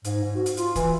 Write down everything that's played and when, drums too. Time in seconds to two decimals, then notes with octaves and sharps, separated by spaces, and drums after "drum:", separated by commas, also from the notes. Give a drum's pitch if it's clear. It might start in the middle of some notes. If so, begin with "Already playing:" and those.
0.04 G#2, drum: hi-hat
0.24 G#2
0.36 F#4
0.46 drum: hi-hat
0.57 F4, drum: hi-hat
0.76 E3, drum: kick, hi-hat